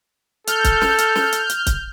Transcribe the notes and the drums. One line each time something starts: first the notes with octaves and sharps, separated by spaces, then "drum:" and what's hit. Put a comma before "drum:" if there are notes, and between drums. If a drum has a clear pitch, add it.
A4 F6 G6, drum: hi-hat
drum: kick, hi-hat
drum: snare
drum: hi-hat
drum: snare
drum: hi-hat
drum: hi-hat
drum: kick, hi-hat